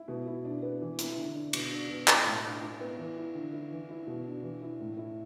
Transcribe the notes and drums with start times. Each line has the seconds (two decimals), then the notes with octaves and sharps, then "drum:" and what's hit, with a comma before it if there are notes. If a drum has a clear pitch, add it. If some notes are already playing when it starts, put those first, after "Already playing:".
Already playing: E4
0.08 B2
0.26 E4
0.45 D4
0.63 B3
0.81 E3
0.99 E4, drum: hi-hat
1.17 D3
1.35 D4
1.53 B2, drum: cymbal
1.71 D4
1.89 B2
2.08 E4, drum: clap
2.26 A2
2.44 D4
2.62 E4
2.81 B3
2.98 E3
3.17 E4
3.35 D3
3.53 E4
3.71 E3
3.89 E4
4.07 B2
4.25 D4
4.43 E3
4.62 E4
4.80 A2
4.97 E4